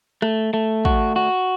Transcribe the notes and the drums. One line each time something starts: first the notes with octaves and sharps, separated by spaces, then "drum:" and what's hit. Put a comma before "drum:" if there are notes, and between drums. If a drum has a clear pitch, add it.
A3, drum: rim click
A3
F#4, drum: kick
F#4